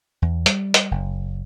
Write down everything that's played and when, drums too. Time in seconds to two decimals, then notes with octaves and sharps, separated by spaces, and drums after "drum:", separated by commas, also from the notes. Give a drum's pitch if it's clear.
0.22 E2
0.46 G3, drum: hi-hat
0.74 drum: hi-hat
0.91 F#1